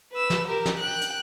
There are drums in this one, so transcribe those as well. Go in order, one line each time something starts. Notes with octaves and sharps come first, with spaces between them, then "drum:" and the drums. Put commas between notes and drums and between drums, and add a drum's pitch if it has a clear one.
B4 E6
drum: snare
G4 A#4
drum: snare
G5 F#6
drum: hi-hat